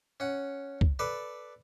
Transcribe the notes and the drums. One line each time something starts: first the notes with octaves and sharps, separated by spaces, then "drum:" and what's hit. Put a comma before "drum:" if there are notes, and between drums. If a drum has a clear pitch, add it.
C#4 F#5
drum: kick
A4 B4 D5